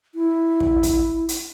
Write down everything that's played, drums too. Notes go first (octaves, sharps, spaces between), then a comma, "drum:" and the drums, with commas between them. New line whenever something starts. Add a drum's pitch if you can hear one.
E4
drum: kick
drum: kick, hi-hat
drum: hi-hat